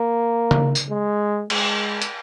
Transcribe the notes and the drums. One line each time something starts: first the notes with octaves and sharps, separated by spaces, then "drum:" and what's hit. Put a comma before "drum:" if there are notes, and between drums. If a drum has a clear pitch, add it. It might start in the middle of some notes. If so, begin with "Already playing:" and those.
Already playing: A#3
drum: tom C#3
drum: tambourine
G#3
G#3, drum: cymbal
drum: hi-hat